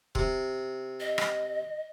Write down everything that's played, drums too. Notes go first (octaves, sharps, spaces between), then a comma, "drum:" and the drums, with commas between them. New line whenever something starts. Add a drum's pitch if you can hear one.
C3, drum: kick
D#5
drum: rim click